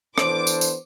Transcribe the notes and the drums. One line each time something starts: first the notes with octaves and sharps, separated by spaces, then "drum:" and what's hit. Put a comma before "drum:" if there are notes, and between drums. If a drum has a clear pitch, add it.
E3 B3 D4 A4 C5 D6, drum: rim click
drum: tambourine
drum: tambourine